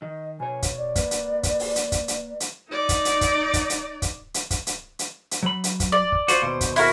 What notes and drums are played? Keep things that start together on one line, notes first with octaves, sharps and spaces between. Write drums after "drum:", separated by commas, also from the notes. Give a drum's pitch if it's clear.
D#3 D#5
B2 C#5 G#5
drum: kick, hi-hat
D5
A#3 B4, drum: kick, hi-hat
drum: hi-hat
drum: kick, hi-hat
drum: open hi-hat
drum: hi-hat
drum: kick, hi-hat
drum: hi-hat
drum: hi-hat
D#4 D5
drum: kick, hi-hat
drum: hi-hat
drum: kick, hi-hat
drum: kick, hi-hat
drum: hi-hat
drum: kick, hi-hat
drum: hi-hat
drum: kick, hi-hat
drum: hi-hat
drum: hi-hat
drum: hi-hat
F#3 B5
drum: hi-hat
drum: kick, hi-hat
D5
drum: kick
F4 F#4 C5, drum: hi-hat
D#2 B2
drum: kick, hi-hat
E4 F#4 A#4, drum: open hi-hat